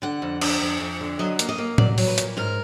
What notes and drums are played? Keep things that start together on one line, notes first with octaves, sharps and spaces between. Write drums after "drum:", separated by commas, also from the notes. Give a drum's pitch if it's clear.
D3 F#5
F2
D3, drum: cymbal
F2
F2
D3
F#3 D#5
A#3, drum: hi-hat
D#5
A#3
F#3 D5, drum: tom A2
F#3, drum: open hi-hat
B4
A#2, drum: hi-hat
G#2 A#4